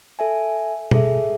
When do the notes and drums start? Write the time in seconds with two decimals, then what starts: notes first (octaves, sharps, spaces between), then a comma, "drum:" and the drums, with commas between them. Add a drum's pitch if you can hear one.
0.19 A4 E5 G#5
0.91 G#4 A4 E5, drum: tom B2